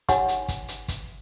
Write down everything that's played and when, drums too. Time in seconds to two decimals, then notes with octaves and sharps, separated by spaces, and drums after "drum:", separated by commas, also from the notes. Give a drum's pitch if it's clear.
0.09 D#4 G4 C#5 F#5 G#5 C#6, drum: kick, hi-hat
0.29 drum: hi-hat
0.48 drum: kick, hi-hat
0.68 drum: hi-hat
0.88 drum: kick, hi-hat